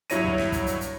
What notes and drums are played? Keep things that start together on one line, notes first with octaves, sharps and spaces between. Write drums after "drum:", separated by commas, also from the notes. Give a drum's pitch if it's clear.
G2 F#3 E4 C#5 A#6 D#7, drum: hi-hat
drum: kick
drum: snare
drum: kick, hi-hat
drum: hi-hat
drum: hi-hat